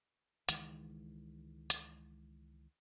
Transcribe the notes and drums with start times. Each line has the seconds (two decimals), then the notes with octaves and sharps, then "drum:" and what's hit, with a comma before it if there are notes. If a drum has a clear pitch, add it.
0.49 C#2 D#3 E3 G#3, drum: hi-hat
1.70 drum: hi-hat